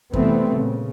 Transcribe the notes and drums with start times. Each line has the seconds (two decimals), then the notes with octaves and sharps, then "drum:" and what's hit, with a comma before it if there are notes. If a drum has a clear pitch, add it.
0.13 C3 E3 G3 A3 B3 C4, drum: kick F#2
0.54 A#2 C#3